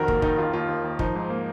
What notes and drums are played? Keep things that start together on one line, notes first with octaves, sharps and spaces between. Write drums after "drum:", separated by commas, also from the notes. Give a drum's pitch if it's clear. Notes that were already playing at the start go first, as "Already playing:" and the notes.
Already playing: F2 D#3 F#4 A#4
A#3, drum: kick
D#3 D#4, drum: kick
D#2 F4
D#2 F4
D#2
D#2
F3 D#4, drum: kick
G#2
A#3